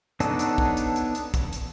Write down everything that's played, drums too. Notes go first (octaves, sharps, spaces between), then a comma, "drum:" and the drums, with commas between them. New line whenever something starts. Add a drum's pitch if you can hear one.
B3 D4 D#4 A4 C#5, drum: hi-hat
drum: hi-hat
drum: kick
drum: hi-hat
drum: hi-hat
drum: hi-hat
drum: kick, hi-hat
drum: hi-hat